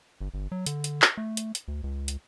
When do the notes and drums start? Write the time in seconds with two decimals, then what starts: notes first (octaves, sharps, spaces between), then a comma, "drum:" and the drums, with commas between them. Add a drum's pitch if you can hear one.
0.21 G1
0.34 G1
0.52 F#3
0.66 D3, drum: hi-hat
0.84 drum: hi-hat
1.02 drum: clap
1.17 A3
1.37 drum: hi-hat
1.55 drum: hi-hat
1.68 D2
1.83 C#2
2.08 drum: hi-hat